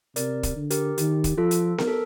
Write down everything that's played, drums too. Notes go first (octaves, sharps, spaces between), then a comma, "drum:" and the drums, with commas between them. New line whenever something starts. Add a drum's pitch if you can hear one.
C3 A#4 D5, drum: hi-hat
drum: kick, hi-hat
D3
G4 A#4, drum: hi-hat
D#3 G4, drum: hi-hat
drum: kick, hi-hat
F3 F4 A4
drum: hi-hat
A#4, drum: snare B3
A4